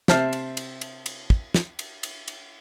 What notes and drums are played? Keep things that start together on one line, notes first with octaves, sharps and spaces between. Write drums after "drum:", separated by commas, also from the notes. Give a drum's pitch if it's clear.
C3 C5 E5 A5 F6, drum: snare
drum: cymbal
drum: cymbal
drum: cymbal
drum: cymbal
drum: kick
drum: snare
drum: cymbal
drum: cymbal
drum: cymbal